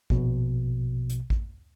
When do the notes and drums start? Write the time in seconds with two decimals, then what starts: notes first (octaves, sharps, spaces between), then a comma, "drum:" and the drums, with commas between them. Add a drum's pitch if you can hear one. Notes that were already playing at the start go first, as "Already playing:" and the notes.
0.10 A#1 B2, drum: kick
1.10 drum: hi-hat
1.30 drum: kick